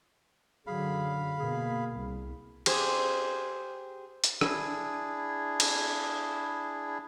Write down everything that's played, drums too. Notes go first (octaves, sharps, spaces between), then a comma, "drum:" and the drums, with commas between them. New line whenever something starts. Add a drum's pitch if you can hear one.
F#2 D3 F#3 G#4 F5 B5
B2 A#3 G#4
C2
G4 G#4 C5, drum: cymbal
drum: hi-hat
D4 E4 G#4, drum: rim click
drum: cymbal